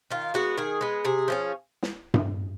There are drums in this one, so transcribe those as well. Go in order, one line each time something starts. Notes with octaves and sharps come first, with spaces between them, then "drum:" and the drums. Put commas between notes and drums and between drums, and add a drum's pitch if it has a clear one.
D#3 F4
G#3 B3 F#4
D#3 G#4
G#3 B3
C3 G#4
F3 A3 C#4
drum: snare
drum: tom G2